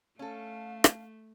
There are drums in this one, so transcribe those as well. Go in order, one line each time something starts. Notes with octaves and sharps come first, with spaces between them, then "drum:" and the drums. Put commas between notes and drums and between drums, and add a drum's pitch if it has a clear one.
A3 C#4 A4 F5
drum: rim click